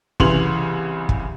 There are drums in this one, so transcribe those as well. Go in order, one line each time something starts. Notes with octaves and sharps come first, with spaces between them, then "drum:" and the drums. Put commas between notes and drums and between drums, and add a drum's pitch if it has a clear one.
C2 C#3 E3 C6 F7 F#7, drum: kick
drum: kick